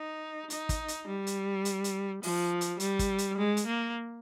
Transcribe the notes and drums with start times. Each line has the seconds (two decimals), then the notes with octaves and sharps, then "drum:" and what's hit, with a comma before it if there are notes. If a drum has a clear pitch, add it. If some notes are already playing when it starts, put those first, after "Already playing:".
Already playing: D#4
0.50 D#4, drum: hi-hat
0.69 drum: kick, hi-hat
0.88 drum: hi-hat
1.07 G3
1.27 drum: hi-hat
1.65 drum: hi-hat
1.84 drum: hi-hat
2.23 F3, drum: open hi-hat
2.61 drum: hi-hat
2.80 G3, drum: hi-hat
2.99 drum: kick, hi-hat
3.18 drum: hi-hat
3.38 G#3
3.57 drum: hi-hat
3.66 A#3